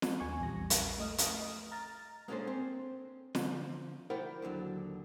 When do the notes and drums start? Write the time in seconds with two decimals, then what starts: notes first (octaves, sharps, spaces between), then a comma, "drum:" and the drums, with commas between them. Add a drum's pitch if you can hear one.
0.02 drum: snare
0.20 D#2 G#5 C#6
0.41 A#1 E2 G3 A#6
0.70 drum: hi-hat
0.98 A3 D#5 D#6 F6
1.18 drum: hi-hat
1.72 A#5 F6 A6
2.28 G#3 A#3 C#4 D4 A4 C5
2.47 C4
3.35 D3 F3, drum: snare
4.10 E4 A#4 C5 D5 F#5 G5
4.42 D#2 D3 F3 F#3